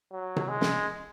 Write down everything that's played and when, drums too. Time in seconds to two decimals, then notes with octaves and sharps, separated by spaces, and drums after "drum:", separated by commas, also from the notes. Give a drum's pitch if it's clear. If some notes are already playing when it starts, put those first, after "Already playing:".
0.12 F#3
0.36 drum: tom C3
0.49 G#3
0.61 drum: snare